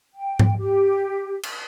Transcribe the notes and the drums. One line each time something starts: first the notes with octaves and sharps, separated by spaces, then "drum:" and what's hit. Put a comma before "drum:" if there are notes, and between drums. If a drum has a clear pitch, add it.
G5
drum: tom G#2
G4
drum: cymbal